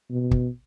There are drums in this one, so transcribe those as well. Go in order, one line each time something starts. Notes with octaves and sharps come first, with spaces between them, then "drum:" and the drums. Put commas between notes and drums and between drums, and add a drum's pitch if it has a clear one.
B2
drum: kick